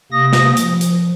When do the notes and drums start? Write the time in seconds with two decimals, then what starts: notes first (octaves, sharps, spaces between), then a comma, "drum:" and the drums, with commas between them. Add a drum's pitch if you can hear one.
0.12 C3 A#3 D#6 A#6
0.33 drum: snare
0.57 F3, drum: hi-hat
0.81 drum: hi-hat